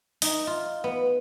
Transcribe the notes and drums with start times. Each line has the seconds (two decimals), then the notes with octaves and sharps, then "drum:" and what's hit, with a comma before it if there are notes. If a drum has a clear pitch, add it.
0.22 D#4, drum: open hi-hat
0.47 F4
0.84 B3